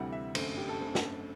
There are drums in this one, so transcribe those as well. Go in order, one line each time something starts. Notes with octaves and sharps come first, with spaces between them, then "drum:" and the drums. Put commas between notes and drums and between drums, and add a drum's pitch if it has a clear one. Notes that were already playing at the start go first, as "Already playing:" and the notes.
Already playing: D2 C3 E3 G3 F#5
E5
G1 F#2 D3 A3 C4 C5, drum: cymbal
G4
A4
F#2 D3 A3 C4
drum: snare